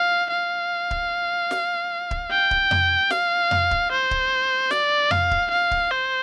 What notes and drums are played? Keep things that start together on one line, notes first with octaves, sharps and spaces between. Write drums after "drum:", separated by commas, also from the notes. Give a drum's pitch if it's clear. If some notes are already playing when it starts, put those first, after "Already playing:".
Already playing: F5
F5
drum: kick D1
drum: snare
drum: kick D1
G5
drum: kick D1
drum: tom F2
F5, drum: snare
drum: tom F2
drum: kick D1
C5
drum: kick D1
D5, drum: snare
F5, drum: tom F2
drum: kick D1
F5
drum: kick D1
C5